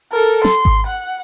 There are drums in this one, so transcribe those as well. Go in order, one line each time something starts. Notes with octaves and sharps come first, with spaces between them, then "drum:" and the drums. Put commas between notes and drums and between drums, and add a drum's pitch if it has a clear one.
A4 A#4
C6, drum: snare
drum: kick G#1
F#5